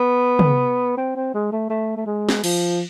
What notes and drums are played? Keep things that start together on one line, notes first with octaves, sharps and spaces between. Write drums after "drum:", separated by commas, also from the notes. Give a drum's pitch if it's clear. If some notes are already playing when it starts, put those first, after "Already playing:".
Already playing: B3
drum: tom
C4
C4
G#3
A3
A3
A3
G#3
drum: snare
F3, drum: cymbal